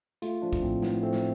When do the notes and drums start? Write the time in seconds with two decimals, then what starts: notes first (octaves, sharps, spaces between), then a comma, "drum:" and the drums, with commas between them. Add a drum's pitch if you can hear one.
0.22 A3 F4, drum: hi-hat
0.42 F3 D4
0.53 drum: kick A#1, hi-hat
0.62 A2 C4
0.82 A2 B3, drum: snare
1.02 A3 C4
1.13 drum: snare